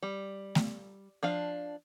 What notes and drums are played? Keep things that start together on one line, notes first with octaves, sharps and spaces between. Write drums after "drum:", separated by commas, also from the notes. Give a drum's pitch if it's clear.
G3
drum: snare A3
F3 D4 F5